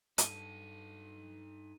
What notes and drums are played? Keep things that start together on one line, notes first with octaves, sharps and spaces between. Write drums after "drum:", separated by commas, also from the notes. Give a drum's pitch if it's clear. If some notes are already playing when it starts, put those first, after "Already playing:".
G2 D#4 A4 D#7, drum: hi-hat